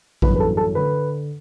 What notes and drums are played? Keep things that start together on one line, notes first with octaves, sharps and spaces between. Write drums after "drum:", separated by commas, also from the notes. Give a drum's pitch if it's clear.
G1 F#2 E3 B4, drum: kick A1
B4
A4
A4
D3 B4